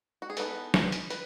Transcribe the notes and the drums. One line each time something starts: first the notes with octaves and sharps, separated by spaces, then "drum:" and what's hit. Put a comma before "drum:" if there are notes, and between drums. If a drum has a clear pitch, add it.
F#4
G#4
E3 B3 D#4 A4, drum: hi-hat
B4, drum: snare
drum: hi-hat
B4, drum: hi-hat